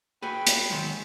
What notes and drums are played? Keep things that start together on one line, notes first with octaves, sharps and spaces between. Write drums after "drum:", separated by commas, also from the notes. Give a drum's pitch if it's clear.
F#4 G#4 B4 G5 B5
drum: hi-hat
D#3 F#3 G#3